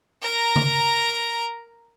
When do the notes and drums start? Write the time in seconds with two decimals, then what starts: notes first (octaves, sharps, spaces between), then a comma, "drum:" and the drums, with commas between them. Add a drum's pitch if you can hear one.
0.22 A#4 A#5
0.56 drum: tom C#3